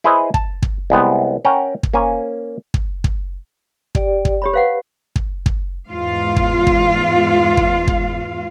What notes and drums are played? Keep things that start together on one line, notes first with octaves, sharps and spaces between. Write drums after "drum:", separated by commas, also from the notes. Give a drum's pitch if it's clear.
E4 G#4 B4 C5 D#5
A5, drum: kick
drum: kick
C2 G#3 B3 G5
C#4 A#4 F#5 G5 A#5
drum: kick
A#3 C#4 C5 G#5
drum: kick
drum: kick
G4 D5 G5, drum: kick
drum: kick
G4 C#5 B5
B4 C5 F5 F#5
drum: kick
drum: kick
E2 G#2 F4 F5
drum: kick
drum: kick
drum: kick
drum: kick